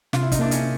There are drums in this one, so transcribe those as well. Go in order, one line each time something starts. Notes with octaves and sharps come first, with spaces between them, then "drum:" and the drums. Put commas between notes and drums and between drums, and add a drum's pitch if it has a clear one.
C3 F4, drum: snare
E4
D#4, drum: kick, hi-hat
A#3 D4 E4
C#4 D#4, drum: hi-hat